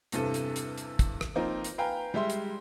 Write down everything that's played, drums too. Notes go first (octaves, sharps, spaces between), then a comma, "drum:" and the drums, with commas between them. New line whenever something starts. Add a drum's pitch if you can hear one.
E2 G2 C3 A4, drum: hi-hat
drum: hi-hat
drum: hi-hat
drum: hi-hat
drum: kick, hi-hat
drum: rim click
F3 A#3 C4 D#4
drum: hi-hat
B4 F5 G5 G#5 A#5
G3 G#3 E5 C6
drum: hi-hat